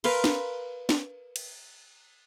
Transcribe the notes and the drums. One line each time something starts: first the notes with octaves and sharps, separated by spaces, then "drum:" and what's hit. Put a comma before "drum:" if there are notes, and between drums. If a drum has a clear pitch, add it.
A#4 B4 F5 C6, drum: cymbal
drum: snare D4
drum: snare D4
drum: cymbal